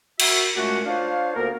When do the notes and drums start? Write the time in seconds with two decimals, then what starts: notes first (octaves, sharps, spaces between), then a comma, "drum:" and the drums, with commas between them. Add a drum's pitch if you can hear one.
0.20 F#4 A#4 E5, drum: cymbal
0.55 A#2 G#3 A3 C#4 D4 F#4
0.86 D4 F4 C5 C#5 F5
1.35 D2 A#3 B3 A#4